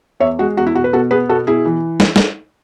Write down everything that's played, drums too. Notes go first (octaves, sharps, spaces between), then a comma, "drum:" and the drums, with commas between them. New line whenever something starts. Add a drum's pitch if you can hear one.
E2 C#5 E5
G#3 F#4
E2 F#4
E4
B2 F#4
B4
B2 F#4 A4
B3 G#4 B4
B2 F#4 A4
B2 E4 G#4
E3
drum: snare
drum: snare